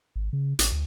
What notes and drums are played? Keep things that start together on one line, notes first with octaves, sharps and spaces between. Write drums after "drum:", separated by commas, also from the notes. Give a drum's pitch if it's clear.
G#1
C#3
A1, drum: hi-hat
D2